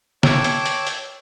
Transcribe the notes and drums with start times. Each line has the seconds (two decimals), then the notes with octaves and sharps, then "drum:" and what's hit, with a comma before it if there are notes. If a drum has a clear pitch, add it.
0.23 C#5 G5 A5 D6 E6, drum: snare
0.44 drum: hi-hat
0.66 drum: hi-hat
0.87 drum: hi-hat